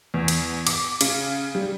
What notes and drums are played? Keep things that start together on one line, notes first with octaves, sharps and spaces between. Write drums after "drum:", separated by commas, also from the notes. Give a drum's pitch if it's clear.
E2
drum: cymbal
D6, drum: cymbal
C#3, drum: cymbal
G3